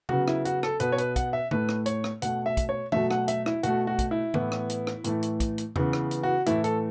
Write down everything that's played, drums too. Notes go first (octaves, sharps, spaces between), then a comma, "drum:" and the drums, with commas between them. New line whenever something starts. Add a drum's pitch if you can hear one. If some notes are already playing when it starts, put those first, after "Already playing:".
C#3 F#3 B3 F#4, drum: tom C3
E4, drum: rim click
F#4, drum: hi-hat
A4, drum: rim click
B2 B3 B4, drum: hi-hat
C#5
B4, drum: hi-hat
F#5, drum: kick, hi-hat
E5
A2 A3 B4, drum: tom
drum: rim click
C#5, drum: hi-hat
drum: rim click
B2 A3 F#5, drum: hi-hat
E5
drum: kick, hi-hat
C#5
B2 F#3 A3 E5, drum: tom
F#5, drum: rim click
E5, drum: hi-hat
E4, drum: rim click
B2 A3 F#4, drum: hi-hat
F#4
drum: kick, hi-hat
E4
A2 E3 B3, drum: tom
drum: rim click
drum: hi-hat
drum: rim click
A2 E3 A3, drum: hi-hat
drum: hi-hat
drum: kick, hi-hat
drum: hi-hat
C#3 E3 B3, drum: tom E2
drum: rim click
drum: hi-hat
F#4
A2 E3 A3 E4, drum: hi-hat
A4, drum: hi-hat